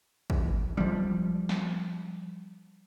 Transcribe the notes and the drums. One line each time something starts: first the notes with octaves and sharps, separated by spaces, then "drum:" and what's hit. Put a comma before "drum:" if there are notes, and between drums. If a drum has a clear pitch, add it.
drum: kick
F3 G3, drum: tom
drum: snare